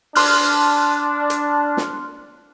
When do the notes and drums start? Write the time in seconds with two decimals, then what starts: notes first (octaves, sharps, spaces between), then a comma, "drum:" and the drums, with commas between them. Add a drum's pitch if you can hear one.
0.15 D4 C6 F6 F#6, drum: open hi-hat
1.30 drum: hi-hat
1.77 drum: snare